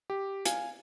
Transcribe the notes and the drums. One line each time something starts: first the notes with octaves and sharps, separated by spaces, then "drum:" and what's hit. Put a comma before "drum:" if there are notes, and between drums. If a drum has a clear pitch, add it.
G4
F5 G#5, drum: hi-hat